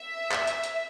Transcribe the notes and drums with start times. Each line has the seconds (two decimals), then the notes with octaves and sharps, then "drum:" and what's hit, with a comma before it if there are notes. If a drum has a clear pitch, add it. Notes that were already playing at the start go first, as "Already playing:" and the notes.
Already playing: E5
0.31 drum: clap
0.47 drum: hi-hat
0.64 drum: hi-hat